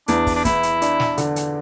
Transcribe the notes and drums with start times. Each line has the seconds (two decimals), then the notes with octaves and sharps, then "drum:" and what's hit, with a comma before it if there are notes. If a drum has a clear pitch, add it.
0.08 E2 D4, drum: hi-hat
0.27 drum: kick, open hi-hat
0.36 D4
0.45 E2 E4, drum: kick, hi-hat
0.63 drum: hi-hat
0.82 D4, drum: hi-hat
1.00 drum: snare
1.18 D3, drum: hi-hat
1.36 drum: hi-hat